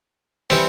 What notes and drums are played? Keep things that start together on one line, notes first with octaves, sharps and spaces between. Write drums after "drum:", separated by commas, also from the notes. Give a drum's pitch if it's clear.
E3 G3 C4, drum: open hi-hat